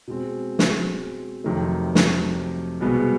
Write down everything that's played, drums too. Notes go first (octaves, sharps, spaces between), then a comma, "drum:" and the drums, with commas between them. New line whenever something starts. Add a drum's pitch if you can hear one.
B2 G#3 C4
drum: snare
F2 C3 D#3 F#3 A3
drum: snare
C2 B2 G#3 B3